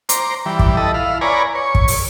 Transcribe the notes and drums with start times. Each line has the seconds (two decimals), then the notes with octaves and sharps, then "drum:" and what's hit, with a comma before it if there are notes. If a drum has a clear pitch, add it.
0.09 C5 A#5 D6, drum: hi-hat
0.46 E3 G3
0.59 drum: kick
0.77 E4 A4 D#5
0.94 E4 F5
1.21 B4 C#5 D5 G#5 A#5
1.55 C#5
1.75 drum: kick
1.88 drum: open hi-hat